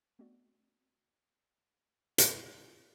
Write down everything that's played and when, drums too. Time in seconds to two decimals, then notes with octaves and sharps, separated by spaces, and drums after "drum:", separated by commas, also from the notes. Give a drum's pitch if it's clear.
0.19 A3 B3 C4 D4 F#4 D5
2.18 drum: hi-hat